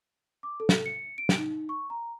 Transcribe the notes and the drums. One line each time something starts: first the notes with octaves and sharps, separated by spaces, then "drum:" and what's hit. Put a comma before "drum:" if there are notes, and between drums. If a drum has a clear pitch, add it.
D6
A4
drum: snare
C#7
D7
drum: snare
D#4
C#6
A#5